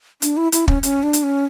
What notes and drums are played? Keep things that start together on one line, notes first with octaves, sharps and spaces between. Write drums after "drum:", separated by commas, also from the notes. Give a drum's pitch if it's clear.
D4, drum: hi-hat
E4
E4, drum: hi-hat
C#4, drum: kick
C#4, drum: hi-hat
D4
drum: hi-hat
C#4